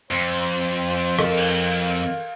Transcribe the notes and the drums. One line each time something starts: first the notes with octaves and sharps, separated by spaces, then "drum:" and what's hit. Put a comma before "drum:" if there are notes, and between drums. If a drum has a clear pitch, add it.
F2 C5
A4 A#4 D#5 F5, drum: rim click
drum: cymbal